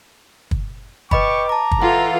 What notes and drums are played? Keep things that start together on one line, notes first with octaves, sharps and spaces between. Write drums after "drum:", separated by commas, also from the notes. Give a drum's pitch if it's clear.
drum: kick
B4 D#5 G5 B5 C#6 D6, drum: kick
A5 A#5 D6
drum: kick
E3 F4 A4 F#5